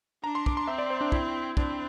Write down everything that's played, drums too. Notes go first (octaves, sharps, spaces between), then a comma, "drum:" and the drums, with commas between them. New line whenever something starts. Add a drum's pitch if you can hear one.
D4 A#5
C6
D6, drum: kick
C6
C4 E5
D5
C5
D4
E4, drum: kick
C4 D4, drum: kick